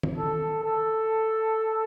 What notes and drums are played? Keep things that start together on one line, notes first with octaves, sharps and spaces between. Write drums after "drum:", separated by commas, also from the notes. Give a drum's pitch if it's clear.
drum: tom D#3
A4
A4